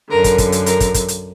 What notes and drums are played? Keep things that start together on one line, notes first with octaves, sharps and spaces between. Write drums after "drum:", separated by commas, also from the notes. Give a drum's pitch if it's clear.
F#2 D3 A#4
drum: kick, hi-hat
drum: kick, hi-hat
drum: hi-hat
A#4, drum: hi-hat
drum: kick, hi-hat
drum: kick, hi-hat
drum: hi-hat